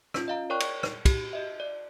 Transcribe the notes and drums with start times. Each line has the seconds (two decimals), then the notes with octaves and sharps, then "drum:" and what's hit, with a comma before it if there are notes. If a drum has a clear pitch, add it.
0.14 C#4 F4, drum: rim click
0.28 D#5 F5 A#5
0.50 A#4 C#5 D5 G5 C#6 F#6
0.60 drum: cymbal
0.83 drum: rim click
1.05 G4, drum: kick, cymbal
1.33 D#5 E5
1.60 D5